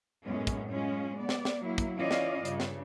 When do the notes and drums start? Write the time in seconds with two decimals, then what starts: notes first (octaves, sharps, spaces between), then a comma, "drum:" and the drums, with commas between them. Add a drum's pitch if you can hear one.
0.23 F#2 A2 G#3 B3 C#4
0.47 drum: kick, hi-hat
0.72 G#3 C#4 F4
1.18 B3 D5
1.29 drum: snare
1.45 drum: snare
1.62 F#3 A#3 E4
1.78 drum: kick, hi-hat
1.98 E3 C#4 F4 D5 D#5 F5
2.11 drum: snare
2.45 G2 C#3, drum: hi-hat
2.60 drum: snare